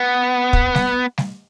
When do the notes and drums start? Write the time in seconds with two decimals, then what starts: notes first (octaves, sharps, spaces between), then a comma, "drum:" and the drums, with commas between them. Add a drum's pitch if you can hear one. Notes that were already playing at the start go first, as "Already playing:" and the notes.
Already playing: B3
0.53 drum: kick
0.75 drum: snare G3
1.18 drum: snare G3